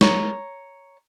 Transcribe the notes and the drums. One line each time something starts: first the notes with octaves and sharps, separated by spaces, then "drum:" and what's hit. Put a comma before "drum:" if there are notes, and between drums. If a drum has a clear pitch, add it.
C#5 A#5, drum: snare